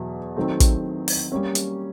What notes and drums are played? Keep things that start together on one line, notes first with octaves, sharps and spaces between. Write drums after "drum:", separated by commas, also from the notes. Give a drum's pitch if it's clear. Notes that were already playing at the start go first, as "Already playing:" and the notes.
Already playing: E2 B2 F#3
D#3 F#3 A3 C4
drum: kick, hi-hat
drum: open hi-hat
G3 A#3 C#4
drum: hi-hat